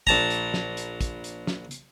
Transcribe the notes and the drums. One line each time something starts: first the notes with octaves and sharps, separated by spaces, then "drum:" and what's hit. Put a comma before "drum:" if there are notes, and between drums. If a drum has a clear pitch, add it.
A#1 A5 A#5, drum: kick
drum: hi-hat
drum: snare
drum: hi-hat
drum: kick, hi-hat
drum: hi-hat
drum: snare
drum: hi-hat